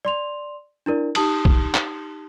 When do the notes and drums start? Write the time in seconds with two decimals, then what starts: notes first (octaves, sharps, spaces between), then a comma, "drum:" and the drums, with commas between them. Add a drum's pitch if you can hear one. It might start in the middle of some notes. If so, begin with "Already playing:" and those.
0.05 D5 C6 F7
0.86 D4 E4 A#4 D5
1.15 D#4 G4 A5 D#6 F#7, drum: cymbal
1.45 drum: kick
1.75 drum: clap